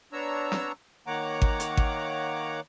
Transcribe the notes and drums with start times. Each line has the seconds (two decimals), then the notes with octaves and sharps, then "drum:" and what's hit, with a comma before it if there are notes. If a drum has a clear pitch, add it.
0.13 B3 D4 C#5 A#5 E6
0.52 drum: snare
1.07 D#3 A#3 C#5 F#5 A#5 D6
1.42 drum: kick G#1
1.60 drum: hi-hat
1.77 drum: kick G#1